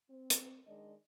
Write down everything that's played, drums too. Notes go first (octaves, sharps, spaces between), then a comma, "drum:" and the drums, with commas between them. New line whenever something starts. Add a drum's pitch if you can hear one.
C4
drum: hi-hat
D#3 G#3 D4 D5 D#5